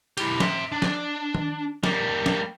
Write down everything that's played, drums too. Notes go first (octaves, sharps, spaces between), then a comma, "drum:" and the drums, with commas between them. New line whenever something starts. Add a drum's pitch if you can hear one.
E4 G4, drum: cymbal
E5 C6, drum: snare
D4
drum: snare
drum: tom D#3
G3 A#3, drum: snare
drum: snare